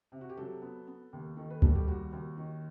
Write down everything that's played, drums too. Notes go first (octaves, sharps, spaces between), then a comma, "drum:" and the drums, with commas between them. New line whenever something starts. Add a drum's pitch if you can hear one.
C3
F#4
G4
F#3 A4
B3
B3
D#2
D#3 A4
B4
G3 A4, drum: kick D2
F#4
G4
D#2 F#4
D#2
D#3